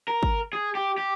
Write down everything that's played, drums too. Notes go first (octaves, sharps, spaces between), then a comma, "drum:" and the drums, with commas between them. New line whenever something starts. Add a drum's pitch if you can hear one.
A#4
drum: kick
G#4
G4
G4